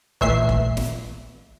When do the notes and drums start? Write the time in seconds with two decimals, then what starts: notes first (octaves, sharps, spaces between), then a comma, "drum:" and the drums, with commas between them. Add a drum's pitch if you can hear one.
0.21 A#2 E3 A3 E5 C7, drum: kick F1
0.49 drum: kick F1
0.77 drum: snare